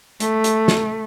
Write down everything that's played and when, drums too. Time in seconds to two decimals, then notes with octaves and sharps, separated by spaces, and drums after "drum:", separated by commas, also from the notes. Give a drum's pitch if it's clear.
0.20 A3, drum: hi-hat
0.44 drum: hi-hat
0.68 drum: snare